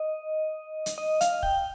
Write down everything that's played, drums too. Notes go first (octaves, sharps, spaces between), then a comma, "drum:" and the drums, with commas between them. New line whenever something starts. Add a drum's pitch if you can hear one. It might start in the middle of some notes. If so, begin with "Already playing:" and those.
Already playing: D#5
drum: hi-hat
D#5
F5, drum: hi-hat
G5, drum: kick